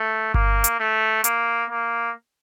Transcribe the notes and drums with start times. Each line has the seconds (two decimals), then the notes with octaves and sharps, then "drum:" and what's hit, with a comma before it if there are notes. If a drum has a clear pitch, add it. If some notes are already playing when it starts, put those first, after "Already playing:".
Already playing: A3
0.34 A#3, drum: kick G1
0.64 drum: hi-hat
0.80 A3
1.24 A#3, drum: hi-hat
1.70 A#3